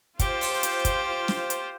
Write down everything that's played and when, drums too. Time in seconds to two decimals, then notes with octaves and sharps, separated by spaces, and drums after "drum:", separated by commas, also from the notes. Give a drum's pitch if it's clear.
0.19 F4 G4 C5, drum: kick, hi-hat
0.41 drum: open hi-hat
0.63 drum: hi-hat
0.85 drum: kick, hi-hat
1.28 drum: snare
1.50 drum: hi-hat